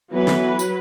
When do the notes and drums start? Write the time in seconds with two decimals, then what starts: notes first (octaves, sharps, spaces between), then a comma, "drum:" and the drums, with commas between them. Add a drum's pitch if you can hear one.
0.12 E3 F#3 A3 B3 B4
0.28 drum: snare
0.59 drum: tambourine